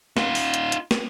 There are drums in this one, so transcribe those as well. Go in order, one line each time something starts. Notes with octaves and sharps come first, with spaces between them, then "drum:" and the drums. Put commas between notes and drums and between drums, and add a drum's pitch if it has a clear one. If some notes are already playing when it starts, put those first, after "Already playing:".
D#4 F4, drum: snare
drum: open hi-hat
drum: hi-hat
drum: hi-hat
drum: snare